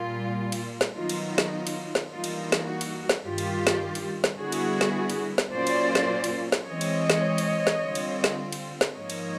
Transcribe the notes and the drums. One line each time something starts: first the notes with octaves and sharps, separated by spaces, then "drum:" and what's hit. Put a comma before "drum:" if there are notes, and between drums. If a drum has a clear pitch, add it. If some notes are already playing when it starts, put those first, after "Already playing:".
Already playing: A#2 G3 A#3 F4
drum: cymbal
drum: snare
D#3 F#3 B3 D#4 F4
drum: cymbal
drum: snare
F4
drum: cymbal
drum: snare
E3 G3 A#3 D#4 F4
drum: cymbal
drum: snare
F#4
drum: cymbal
drum: snare
G2 D#3 G3 F4 G4
drum: cymbal
drum: snare
drum: cymbal
drum: snare
D3 G3 B3 E4 F#4 G#4
drum: cymbal
drum: snare
drum: cymbal
drum: snare
A#2 F#3 A#3 C#4 F4 C5 D5
drum: cymbal
drum: snare
drum: cymbal
drum: snare
E3 G#3 C4 C#5 D#5
drum: cymbal
drum: snare
drum: cymbal
drum: snare
D3 G3 C4 F4
drum: cymbal
drum: snare
drum: cymbal
drum: snare
G#2 F3 A#3 D#4 C#5 D#5
drum: cymbal